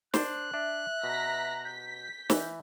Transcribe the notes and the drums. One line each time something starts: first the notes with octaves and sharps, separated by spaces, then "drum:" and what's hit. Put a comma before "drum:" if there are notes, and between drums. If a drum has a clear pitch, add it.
D4 C5 F#6, drum: snare
D4 E5
B2 A#5 A#6 B6
G6 B6
E3, drum: snare